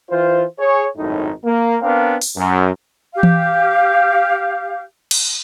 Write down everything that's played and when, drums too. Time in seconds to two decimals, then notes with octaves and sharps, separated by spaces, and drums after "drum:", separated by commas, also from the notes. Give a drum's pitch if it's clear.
0.11 E3 F4 C5
0.59 G#4 C#5
0.97 G#1 F#2 A2 D#4
1.45 A#3
1.82 B3 C4 D4 A#4 D5 F5
2.22 drum: open hi-hat
2.38 F#2
3.14 G4 F5
3.23 drum: tom E3
5.11 drum: cymbal